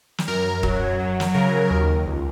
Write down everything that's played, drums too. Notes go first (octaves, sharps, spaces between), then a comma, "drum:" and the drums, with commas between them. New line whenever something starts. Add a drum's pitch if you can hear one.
drum: snare
F#2 A#4
F#3, drum: kick D#1
F#3
drum: snare
C#3 A#4
D#2
C#2